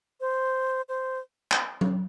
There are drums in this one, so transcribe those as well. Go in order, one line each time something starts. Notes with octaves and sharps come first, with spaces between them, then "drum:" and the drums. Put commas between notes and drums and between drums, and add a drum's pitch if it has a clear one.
C5
C5
drum: clap
drum: tom F#3